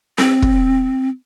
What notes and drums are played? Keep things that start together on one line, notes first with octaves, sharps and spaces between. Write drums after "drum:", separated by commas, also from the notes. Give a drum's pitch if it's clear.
C4, drum: snare C4
drum: kick